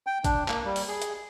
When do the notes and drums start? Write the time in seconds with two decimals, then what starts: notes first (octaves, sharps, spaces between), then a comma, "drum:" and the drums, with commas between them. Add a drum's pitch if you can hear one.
0.07 G5
0.24 D4, drum: kick G#1, hi-hat
0.48 A#3, drum: clap
0.65 G3
0.76 drum: open hi-hat
0.88 G#4
1.02 drum: hi-hat